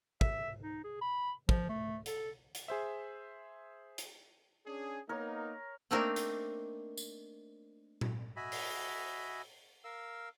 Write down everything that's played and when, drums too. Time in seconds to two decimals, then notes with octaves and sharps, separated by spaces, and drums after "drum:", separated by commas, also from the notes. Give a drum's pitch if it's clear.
0.21 E5, drum: kick
0.63 D#4
0.84 G#4
1.01 B5
1.49 F3, drum: kick
1.69 A3
2.06 A4, drum: hi-hat
2.55 drum: hi-hat
2.68 G#4 C5 E5
3.98 drum: hi-hat
4.67 C#4 D4 G#4
5.09 A#3 B3 D#4 A#4 C#5
5.91 A3 A#3 C4 D4 D#4 A#4
6.16 drum: hi-hat
6.97 drum: tambourine
8.01 drum: tom A#2
8.36 F#4 D#5 E5 G#5 B5
8.52 drum: open hi-hat
9.84 A#4 F5 E6